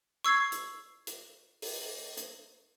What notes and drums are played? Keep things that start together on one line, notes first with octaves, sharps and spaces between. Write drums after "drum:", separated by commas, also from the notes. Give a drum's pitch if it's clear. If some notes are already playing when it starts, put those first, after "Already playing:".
C#6 E6 G#6 C7
drum: hi-hat
drum: hi-hat
drum: open hi-hat
drum: hi-hat